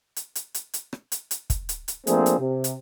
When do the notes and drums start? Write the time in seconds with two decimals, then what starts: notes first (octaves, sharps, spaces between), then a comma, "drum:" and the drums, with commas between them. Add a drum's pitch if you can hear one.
0.16 drum: hi-hat
0.35 drum: hi-hat
0.54 drum: hi-hat
0.74 drum: hi-hat
0.93 drum: rim click
1.12 drum: hi-hat
1.31 drum: hi-hat
1.50 drum: kick, hi-hat
1.69 drum: hi-hat
1.88 drum: hi-hat
2.07 F3 A3 A#3 C4 D4 G#4, drum: hi-hat
2.26 drum: hi-hat
2.38 C3
2.64 drum: hi-hat